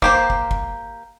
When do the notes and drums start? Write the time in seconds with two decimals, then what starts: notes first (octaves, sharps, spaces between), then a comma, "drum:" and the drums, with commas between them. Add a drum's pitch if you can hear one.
0.02 A#3 G4 C5, drum: kick
0.30 drum: kick
0.51 drum: kick